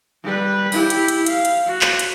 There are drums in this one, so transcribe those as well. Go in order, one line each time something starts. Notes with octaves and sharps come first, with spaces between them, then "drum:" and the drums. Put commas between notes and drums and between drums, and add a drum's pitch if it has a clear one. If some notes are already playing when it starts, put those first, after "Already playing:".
G3 B4
E4 G4, drum: open hi-hat
drum: hi-hat
drum: hi-hat
F5, drum: hi-hat
drum: hi-hat
F#4
drum: clap
drum: hi-hat